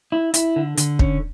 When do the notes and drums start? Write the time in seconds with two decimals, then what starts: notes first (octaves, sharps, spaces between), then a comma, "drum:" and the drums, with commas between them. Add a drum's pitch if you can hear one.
0.12 E4
0.34 E4, drum: hi-hat
0.56 D3
0.77 D3, drum: hi-hat
0.99 C#4, drum: kick